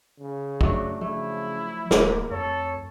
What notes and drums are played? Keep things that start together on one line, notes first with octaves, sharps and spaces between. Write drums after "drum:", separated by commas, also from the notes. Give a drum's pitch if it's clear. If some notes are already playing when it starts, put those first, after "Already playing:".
C#3
F#3 A3 D4 F#4, drum: kick
C#3 F3 A3 E4
D1 A#3, drum: snare
F2 A4 C#5